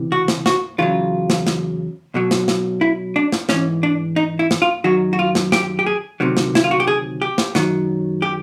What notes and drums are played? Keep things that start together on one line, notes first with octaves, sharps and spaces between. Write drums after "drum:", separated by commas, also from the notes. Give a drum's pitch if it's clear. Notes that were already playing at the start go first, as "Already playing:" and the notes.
Already playing: C#2 C3 E3
F#4
drum: snare
F#4, drum: snare
E2 C#3 F#3 F4
drum: snare
drum: snare
B1 B2 F#3
drum: snare
drum: snare
E4
D4
drum: snare
G#2 E3 C#4, drum: snare
D4
D#4
E4
drum: snare
F4
F#2 D#3 F#3 F#4
F#4
F4
drum: snare
G4, drum: snare
G4
G#4
D2 C3 D#3 F#3
drum: snare
E4, drum: snare
F4
F#4
G4
G#4
G4
drum: snare
F#2 D#3 F#3, drum: snare
G4